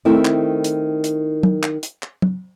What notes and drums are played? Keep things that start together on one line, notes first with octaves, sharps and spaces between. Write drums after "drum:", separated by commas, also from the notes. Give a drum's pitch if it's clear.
D#3 A3 C4 E4
drum: clap
drum: hi-hat
drum: hi-hat
drum: tom
drum: clap
drum: hi-hat
drum: clap
drum: tom